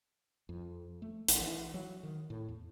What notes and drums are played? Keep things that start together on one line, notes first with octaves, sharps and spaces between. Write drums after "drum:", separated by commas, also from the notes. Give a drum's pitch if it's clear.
F2
A3
A#1, drum: hi-hat
E3
F#3
D#3
A2
E2